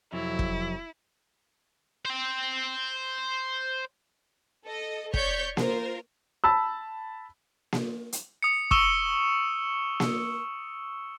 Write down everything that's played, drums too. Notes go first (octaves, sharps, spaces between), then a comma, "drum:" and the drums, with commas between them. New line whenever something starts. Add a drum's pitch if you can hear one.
F2 C3 F#3 E4
drum: kick
C5 G5
A4 D#5
C#5 D5 C#6 G6 B6, drum: kick
F4 A#4 C5, drum: snare A#3
A5 B5 E6
drum: snare A#3
drum: hi-hat
D#6 C#7
C#6 D#6 E6 E7 G7, drum: kick
drum: snare A#3